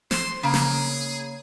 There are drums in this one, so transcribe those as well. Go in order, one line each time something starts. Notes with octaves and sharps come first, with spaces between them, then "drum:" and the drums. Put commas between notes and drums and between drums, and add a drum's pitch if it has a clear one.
C5 C6, drum: snare
C#3 A#3 G#4
drum: snare